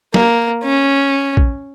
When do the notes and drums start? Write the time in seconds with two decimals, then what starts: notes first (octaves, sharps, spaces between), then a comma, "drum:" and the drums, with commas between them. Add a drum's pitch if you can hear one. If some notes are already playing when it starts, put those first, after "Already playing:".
0.14 A#3, drum: snare
0.64 C#4
1.37 drum: kick A#1